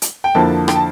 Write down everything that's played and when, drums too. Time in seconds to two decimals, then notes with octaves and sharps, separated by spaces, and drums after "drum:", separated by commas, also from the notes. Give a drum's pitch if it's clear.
0.02 drum: hi-hat
0.24 G5
0.35 F2 D3 F3 A#3 E4 A5
0.68 G5, drum: rim click
0.76 A5